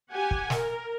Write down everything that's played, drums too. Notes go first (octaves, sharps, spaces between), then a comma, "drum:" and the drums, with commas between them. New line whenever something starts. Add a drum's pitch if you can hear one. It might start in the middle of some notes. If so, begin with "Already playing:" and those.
G4 F#5 G#5
drum: kick
A#4, drum: snare